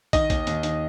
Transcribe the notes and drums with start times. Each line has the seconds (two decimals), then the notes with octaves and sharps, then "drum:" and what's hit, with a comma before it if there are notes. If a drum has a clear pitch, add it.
0.13 D#3 D#5, drum: kick, hi-hat
0.30 D#2, drum: kick, hi-hat
0.47 D#2, drum: hi-hat
0.63 D#3, drum: hi-hat